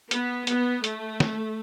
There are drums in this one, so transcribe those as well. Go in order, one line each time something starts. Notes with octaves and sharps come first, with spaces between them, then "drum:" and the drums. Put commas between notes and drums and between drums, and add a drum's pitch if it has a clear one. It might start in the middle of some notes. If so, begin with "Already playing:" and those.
B3, drum: hi-hat
B3, drum: hi-hat
A3, drum: hi-hat
drum: snare